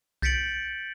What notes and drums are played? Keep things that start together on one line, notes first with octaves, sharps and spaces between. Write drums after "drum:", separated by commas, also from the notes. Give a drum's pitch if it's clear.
G6 A6 B6 C#7 D7 F#7, drum: kick C2